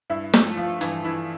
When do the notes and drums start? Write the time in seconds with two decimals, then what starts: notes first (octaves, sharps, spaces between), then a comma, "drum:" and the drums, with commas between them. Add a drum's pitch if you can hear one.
0.10 G2 E4 E5
0.33 A3 A4, drum: snare
0.46 F3
0.57 F3 F4
0.81 G2 E3 E4, drum: hi-hat
1.05 E3 E4